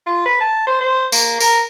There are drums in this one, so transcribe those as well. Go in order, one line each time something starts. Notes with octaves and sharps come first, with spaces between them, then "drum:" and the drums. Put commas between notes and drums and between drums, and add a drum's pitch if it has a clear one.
F4
B4
A5
C5
C5
A#3, drum: tambourine
A#4, drum: tambourine